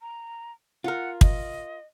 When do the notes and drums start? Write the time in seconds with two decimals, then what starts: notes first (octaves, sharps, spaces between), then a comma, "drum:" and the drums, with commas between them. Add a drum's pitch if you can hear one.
0.02 A#5
0.84 F4 A#4 F#5
1.21 D#5, drum: kick